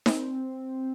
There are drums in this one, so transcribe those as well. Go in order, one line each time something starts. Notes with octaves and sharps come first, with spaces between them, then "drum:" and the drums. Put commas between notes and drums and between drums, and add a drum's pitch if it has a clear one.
C4, drum: snare D#4